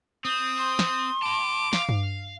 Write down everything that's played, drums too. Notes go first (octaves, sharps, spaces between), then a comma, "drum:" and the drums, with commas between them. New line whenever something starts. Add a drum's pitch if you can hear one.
C4 D#6
C6
drum: snare
A5 B5 D6
F5, drum: snare
drum: tom G2